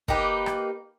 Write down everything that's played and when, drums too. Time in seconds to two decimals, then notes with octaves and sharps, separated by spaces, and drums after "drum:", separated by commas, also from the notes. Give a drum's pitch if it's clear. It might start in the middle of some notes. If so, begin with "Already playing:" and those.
0.08 A#3 D#4 G4 B4, drum: kick
0.46 drum: rim click